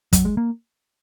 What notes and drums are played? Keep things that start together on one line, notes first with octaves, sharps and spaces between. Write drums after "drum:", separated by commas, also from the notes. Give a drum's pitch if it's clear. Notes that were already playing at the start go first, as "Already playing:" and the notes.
F#3, drum: kick, hi-hat
G#3
A#3